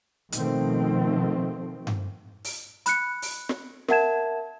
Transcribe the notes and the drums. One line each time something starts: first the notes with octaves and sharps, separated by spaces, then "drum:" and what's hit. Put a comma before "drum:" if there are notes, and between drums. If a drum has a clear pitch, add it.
B2 D#3 F3 A3 C4, drum: hi-hat
drum: tom G2
drum: open hi-hat
B5 F#6 C#7, drum: hi-hat
drum: open hi-hat
drum: snare
A#4 E5 F#5 A5 G#6 E7, drum: snare